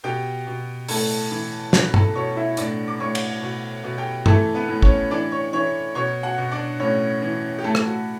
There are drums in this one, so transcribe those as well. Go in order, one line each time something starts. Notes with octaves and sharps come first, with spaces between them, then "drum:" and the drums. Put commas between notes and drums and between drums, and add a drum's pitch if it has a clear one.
B2 G4 G5
B2
A2 A4 A5, drum: open hi-hat
E3
B2 B4 B5, drum: snare
A4 A5, drum: tom
B2 C#5 C#6
E4 E5
A2 D4 D5, drum: hi-hat
D6
A2 C#5 C#6
drum: cymbal
B2
B2
G4 G5
E3 A3 A4, drum: tom
B3 B4
A2
C#4 C#5, drum: kick
E3 D4 D5
C#5 C#6
E3 C#5 C#6
B2 C#5 C#6
F#4 F#5
B2
D4 D5
A2 C#4 C#5
E3
G4
A2 A3 A4
drum: rim click
F#4